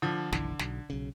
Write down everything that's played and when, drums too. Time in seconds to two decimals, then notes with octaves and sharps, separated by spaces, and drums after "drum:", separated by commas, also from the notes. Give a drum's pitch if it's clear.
0.02 D3 F3
0.32 F#1 B1 D3 E3, drum: snare
0.59 B1, drum: snare
0.90 B1 C#3